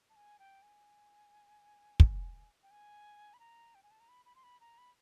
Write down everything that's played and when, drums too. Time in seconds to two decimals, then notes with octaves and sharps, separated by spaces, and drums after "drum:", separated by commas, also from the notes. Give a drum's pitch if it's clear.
0.10 A5
0.16 G#5
0.39 G5
0.62 G#5
2.00 drum: kick
2.63 G5
2.71 G#5
3.34 B5
3.40 A#5
3.75 G5
3.83 G#5
3.91 A5
4.00 A#5
4.09 B5
4.26 B5
4.36 C6
4.43 B5
4.61 A#5
4.78 B5